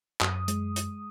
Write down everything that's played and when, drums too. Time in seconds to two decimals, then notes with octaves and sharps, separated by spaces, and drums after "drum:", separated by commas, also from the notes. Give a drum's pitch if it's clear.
0.21 F#2 D#6, drum: clap
0.48 G#3, drum: hi-hat
0.76 drum: hi-hat